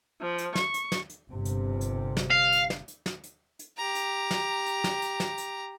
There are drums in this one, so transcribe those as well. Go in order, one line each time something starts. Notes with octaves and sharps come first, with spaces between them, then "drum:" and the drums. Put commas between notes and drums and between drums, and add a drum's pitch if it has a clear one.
F3
drum: hi-hat
C#6, drum: snare
drum: hi-hat
drum: snare
drum: hi-hat
G1 C3
drum: hi-hat
drum: hi-hat
drum: snare
F5
drum: hi-hat
drum: snare
drum: hi-hat
drum: snare
drum: hi-hat
drum: hi-hat
G4 A#5
drum: hi-hat
drum: snare
drum: hi-hat
drum: snare
drum: hi-hat
drum: snare
drum: hi-hat